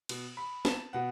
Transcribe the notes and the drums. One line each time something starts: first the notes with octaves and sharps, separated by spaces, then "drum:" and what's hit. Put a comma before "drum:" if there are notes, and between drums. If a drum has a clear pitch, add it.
B2, drum: cymbal
B5
A5, drum: snare
B2 F#5